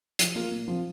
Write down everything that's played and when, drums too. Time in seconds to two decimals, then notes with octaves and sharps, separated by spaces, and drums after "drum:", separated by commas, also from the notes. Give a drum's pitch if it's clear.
0.19 F3, drum: hi-hat
0.35 A#3 F4 A#4
0.51 A#2
0.68 F3 C4 F4